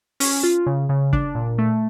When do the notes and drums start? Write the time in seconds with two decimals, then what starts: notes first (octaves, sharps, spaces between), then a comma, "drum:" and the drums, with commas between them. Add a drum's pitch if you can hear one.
0.20 C#4, drum: open hi-hat
0.43 F4
0.66 C#3
0.89 C#3
1.13 D4, drum: kick F#1
1.35 A#2
1.58 A3